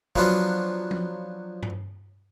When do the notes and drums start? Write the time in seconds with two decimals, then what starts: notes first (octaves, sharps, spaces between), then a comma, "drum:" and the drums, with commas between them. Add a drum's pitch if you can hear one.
0.16 F3 F#3 B3 D4 F4 F#4, drum: kick
0.91 drum: tom F3
1.63 drum: tom G2